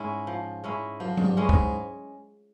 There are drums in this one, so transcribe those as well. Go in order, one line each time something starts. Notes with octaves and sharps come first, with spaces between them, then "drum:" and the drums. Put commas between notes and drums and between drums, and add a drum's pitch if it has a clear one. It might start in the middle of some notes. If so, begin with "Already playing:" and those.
Already playing: G#2 G#3 C#4 E4
F3
G#3 C#4 E4
F#2 F3
G#2, drum: tom F#3
G2
G#3 C#4 E4
G#2, drum: kick